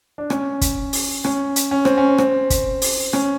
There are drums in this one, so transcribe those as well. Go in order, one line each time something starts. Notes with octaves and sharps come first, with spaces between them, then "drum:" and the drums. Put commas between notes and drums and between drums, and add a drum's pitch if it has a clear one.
D4
C#4, drum: rim click
drum: kick, hi-hat
drum: open hi-hat
C#4, drum: rim click
drum: hi-hat
C#4
C4, drum: rim click
C#4
C4, drum: rim click
drum: kick, hi-hat
drum: open hi-hat
C#4, drum: rim click